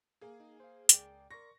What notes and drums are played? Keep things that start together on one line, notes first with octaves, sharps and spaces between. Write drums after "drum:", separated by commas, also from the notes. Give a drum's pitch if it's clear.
A#3 G#4
D#4
C5 F5
C#2 D5 G5, drum: hi-hat
A#4 D5 C6 C#6 A#6